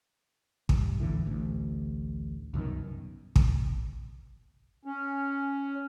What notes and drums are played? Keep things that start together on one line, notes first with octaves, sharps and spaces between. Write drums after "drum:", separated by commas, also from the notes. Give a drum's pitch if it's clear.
G2, drum: kick
E2 A2 D3 E3
A1 D2
C2 F#2 B2 D#3
drum: kick
C#4